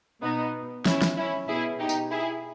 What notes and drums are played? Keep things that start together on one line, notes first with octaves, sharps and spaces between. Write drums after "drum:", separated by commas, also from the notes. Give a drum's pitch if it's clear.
B2 B3 D#4
C#4 E4, drum: snare
drum: snare
C#4 E4
B2 E4 G#4
D#4 G4
drum: tambourine
E4 G#4